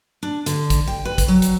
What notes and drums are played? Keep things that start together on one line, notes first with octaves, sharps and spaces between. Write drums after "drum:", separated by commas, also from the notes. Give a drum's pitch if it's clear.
D4
D3, drum: hi-hat
drum: kick A1, hi-hat
G5
B4
drum: kick A1, hi-hat
F#3
drum: hi-hat